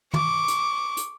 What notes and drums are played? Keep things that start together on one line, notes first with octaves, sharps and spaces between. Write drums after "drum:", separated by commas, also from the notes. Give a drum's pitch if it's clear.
C#6 D6, drum: tom
drum: hi-hat
drum: hi-hat